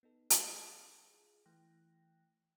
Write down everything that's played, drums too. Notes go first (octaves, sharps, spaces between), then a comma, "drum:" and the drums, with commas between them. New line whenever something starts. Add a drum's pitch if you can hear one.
B3 D#4 A4
F4 G#4 A4, drum: hi-hat
E3 A3 G5 F#6 A#6